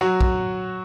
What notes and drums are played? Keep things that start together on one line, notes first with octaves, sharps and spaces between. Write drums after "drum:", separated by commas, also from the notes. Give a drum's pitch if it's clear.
F#3 F#4
drum: kick